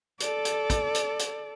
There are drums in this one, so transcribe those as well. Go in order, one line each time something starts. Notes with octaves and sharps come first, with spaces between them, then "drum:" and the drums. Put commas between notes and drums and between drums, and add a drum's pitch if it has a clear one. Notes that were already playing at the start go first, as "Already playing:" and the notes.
A4 D5, drum: hi-hat
drum: hi-hat
drum: kick, hi-hat
drum: hi-hat
drum: hi-hat